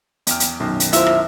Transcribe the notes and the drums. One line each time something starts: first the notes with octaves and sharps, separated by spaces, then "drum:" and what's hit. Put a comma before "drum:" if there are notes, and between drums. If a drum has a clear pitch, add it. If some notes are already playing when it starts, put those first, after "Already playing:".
E2 G5 F6, drum: hi-hat
drum: hi-hat
B1 F#2 D#3
drum: hi-hat
E4 F4 A#4 C5 E5, drum: hi-hat
drum: rim click